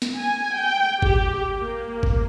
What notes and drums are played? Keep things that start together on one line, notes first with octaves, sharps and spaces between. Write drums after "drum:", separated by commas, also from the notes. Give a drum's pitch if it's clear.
drum: snare
G#5
G5
G4, drum: kick G1
A#3
drum: kick G1